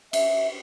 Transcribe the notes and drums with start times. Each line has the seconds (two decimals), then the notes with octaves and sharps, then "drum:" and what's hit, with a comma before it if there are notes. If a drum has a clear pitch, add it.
0.13 E5, drum: cymbal